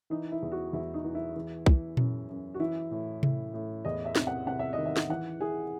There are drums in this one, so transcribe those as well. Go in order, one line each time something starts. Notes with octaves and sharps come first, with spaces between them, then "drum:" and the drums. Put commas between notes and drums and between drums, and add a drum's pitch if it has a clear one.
E3 D#4
E4
E2
F#4
E2 E4
D#4
E3
E4
E3
E3, drum: kick B1
F#2, drum: tom A#2
F#2
F#4
E3 E4
A2
A2, drum: tom C3
A2
E2 D#5
E5
C3, drum: snare
F#5
C3 F#5
E5
D#3 D#5
E5
drum: snare
E3 F#5
E3 G#4